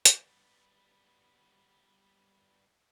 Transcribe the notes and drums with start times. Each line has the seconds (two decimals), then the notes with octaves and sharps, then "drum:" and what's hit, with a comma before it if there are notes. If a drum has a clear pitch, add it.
0.05 G3 B3, drum: hi-hat